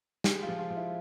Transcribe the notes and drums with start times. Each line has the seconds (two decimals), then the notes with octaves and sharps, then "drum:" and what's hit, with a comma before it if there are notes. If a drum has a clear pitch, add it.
0.24 G#3 G4, drum: snare
0.43 F4
0.48 F3
0.59 F4
0.70 F3
0.77 E4